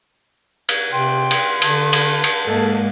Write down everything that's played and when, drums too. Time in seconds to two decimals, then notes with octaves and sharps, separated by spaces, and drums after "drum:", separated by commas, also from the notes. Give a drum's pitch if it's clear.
0.69 drum: cymbal
0.92 C3 G5 C6
1.31 drum: cymbal
1.62 D3 A5, drum: cymbal
1.93 drum: cymbal
2.24 drum: cymbal
2.46 G#2 G#3 A#3 A4